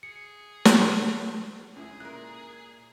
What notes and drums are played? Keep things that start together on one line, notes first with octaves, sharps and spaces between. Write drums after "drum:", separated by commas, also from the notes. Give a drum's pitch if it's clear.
G#4 C#7
drum: snare
C#2 E4 G#4
A#2 A#4 F#6